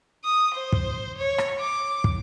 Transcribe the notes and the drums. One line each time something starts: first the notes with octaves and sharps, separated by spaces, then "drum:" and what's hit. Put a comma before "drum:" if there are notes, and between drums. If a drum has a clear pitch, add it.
D#6
C5
drum: kick
C#5
drum: rim click
D6
drum: kick